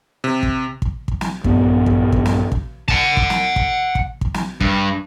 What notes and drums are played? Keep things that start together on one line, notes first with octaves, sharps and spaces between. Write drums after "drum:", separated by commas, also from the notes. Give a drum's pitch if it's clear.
C3
drum: kick
drum: kick
drum: kick
drum: snare
A#1 G2 B3, drum: kick
drum: kick
drum: kick
drum: snare
drum: kick
F#5 A5, drum: kick
drum: kick
drum: snare
drum: kick
drum: kick
drum: kick
drum: snare
G2, drum: kick